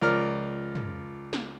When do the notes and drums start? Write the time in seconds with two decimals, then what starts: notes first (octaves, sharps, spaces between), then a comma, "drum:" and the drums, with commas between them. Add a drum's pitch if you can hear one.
0.02 C#2 F3 A#4 D5 F6
0.75 drum: tom
1.33 drum: snare